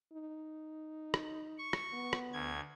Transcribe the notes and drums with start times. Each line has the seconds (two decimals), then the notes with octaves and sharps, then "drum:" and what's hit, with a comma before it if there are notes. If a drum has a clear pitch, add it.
0.13 D#4
1.14 drum: rim click
1.58 C#6
1.73 drum: rim click
1.93 B3
2.13 drum: rim click
2.33 D2 G#6